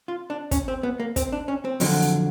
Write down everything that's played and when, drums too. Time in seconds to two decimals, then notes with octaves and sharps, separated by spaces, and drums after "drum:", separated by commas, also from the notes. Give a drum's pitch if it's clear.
0.08 F4
0.30 D4
0.51 C#4, drum: kick, hi-hat
0.68 C4
0.83 B3
1.00 A#3
1.16 C4, drum: kick, hi-hat
1.32 D4
1.48 C#4
1.65 C4
1.80 F2 D3 F#3, drum: open hi-hat
2.02 drum: hi-hat